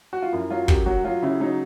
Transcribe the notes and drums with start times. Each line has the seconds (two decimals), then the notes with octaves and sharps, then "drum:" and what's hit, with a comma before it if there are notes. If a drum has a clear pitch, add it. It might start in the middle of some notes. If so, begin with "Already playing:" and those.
0.13 F#4
0.22 F4
0.33 F#2 E4
0.50 F#3 F4
0.68 F#2 G4, drum: kick
0.86 F#3 F#4
1.04 F#3 F4
1.23 C#3 E4
1.41 F#3 D#4